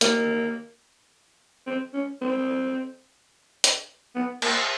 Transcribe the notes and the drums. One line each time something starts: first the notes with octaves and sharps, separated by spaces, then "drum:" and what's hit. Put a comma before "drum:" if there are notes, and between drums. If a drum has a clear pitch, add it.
A#3, drum: hi-hat
C4
C#4
C4
drum: hi-hat
B3
A#3, drum: cymbal